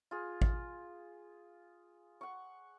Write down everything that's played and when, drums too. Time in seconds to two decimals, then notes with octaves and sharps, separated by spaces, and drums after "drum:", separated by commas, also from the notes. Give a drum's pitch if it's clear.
0.11 F4 G#4
0.42 drum: kick
2.21 F#5 C#6